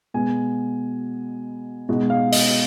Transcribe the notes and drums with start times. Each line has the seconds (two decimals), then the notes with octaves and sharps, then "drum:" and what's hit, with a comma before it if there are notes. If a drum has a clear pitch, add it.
0.14 B2 G#3 B3 G#5
1.89 B2 G#3 D#4
2.10 F5
2.32 D#5, drum: open hi-hat